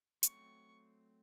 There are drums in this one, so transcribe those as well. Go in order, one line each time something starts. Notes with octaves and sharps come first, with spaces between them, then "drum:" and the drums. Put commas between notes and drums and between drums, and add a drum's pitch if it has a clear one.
F#3 A3 C4 C#6, drum: hi-hat